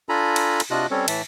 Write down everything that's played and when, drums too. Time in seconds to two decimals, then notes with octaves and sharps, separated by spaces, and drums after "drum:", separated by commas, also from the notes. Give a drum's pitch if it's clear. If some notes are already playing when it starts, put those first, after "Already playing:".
0.09 D4 F4 A4 G#5 A#5 B5
0.36 drum: cymbal
0.60 drum: cymbal
0.71 C3 D4 F4 F#4 D#5 F#6
0.91 G3 C4 C#4 A4 C#5
1.08 A2 E3 E5 A5, drum: cymbal